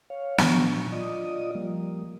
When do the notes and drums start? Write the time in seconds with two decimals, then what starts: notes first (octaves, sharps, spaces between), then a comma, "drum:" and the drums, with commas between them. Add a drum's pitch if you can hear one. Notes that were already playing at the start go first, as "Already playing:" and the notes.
0.10 C#5 F5
0.38 A#2 F#3 D4 C#6, drum: snare
0.92 F4 D5 D#5 D#6
1.55 F3 G3 A#3